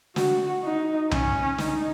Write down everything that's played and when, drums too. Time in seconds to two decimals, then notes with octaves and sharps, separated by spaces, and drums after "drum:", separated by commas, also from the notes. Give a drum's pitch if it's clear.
0.16 F#4, drum: snare
0.64 D#4
1.11 C#4, drum: tom C2
1.58 D#4, drum: snare